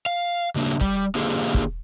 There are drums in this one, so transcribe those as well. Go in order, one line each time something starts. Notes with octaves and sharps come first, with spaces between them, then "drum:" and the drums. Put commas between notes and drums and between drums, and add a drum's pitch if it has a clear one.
F5
C#3 F#3 A#3 D4
G3, drum: kick
D3 A#3 F4 G4 G#4
drum: kick